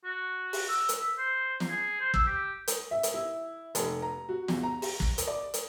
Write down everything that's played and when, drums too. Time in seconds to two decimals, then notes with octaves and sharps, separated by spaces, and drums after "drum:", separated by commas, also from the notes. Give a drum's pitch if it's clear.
0.05 F#4
0.53 drum: open hi-hat
0.68 E6
0.89 drum: hi-hat
1.00 E5
1.18 C5
1.60 drum: snare
1.70 G#4
2.01 C5
2.14 E6, drum: kick
2.27 G4
2.68 drum: hi-hat
2.91 E5
3.03 drum: hi-hat
3.14 E4
3.75 F1, drum: hi-hat
4.02 A#5
4.29 F#4
4.48 E2, drum: snare
4.63 A#5
4.82 drum: open hi-hat
5.00 drum: kick
5.18 drum: hi-hat
5.28 D5
5.54 drum: hi-hat